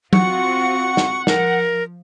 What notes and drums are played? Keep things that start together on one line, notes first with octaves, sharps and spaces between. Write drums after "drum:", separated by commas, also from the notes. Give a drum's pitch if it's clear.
C4 F4 F#4 F#5 C#6, drum: tom F#3
drum: snare
F3 A#4, drum: snare